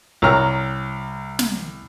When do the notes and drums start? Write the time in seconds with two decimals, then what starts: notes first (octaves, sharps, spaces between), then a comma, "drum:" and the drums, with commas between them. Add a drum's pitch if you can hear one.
0.22 C2 C#5 A#5 F6
1.39 drum: snare